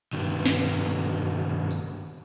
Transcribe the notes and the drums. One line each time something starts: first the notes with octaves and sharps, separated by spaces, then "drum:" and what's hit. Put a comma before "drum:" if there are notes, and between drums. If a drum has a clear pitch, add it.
G2 B2 D#3, drum: hi-hat
drum: snare
drum: open hi-hat
drum: tambourine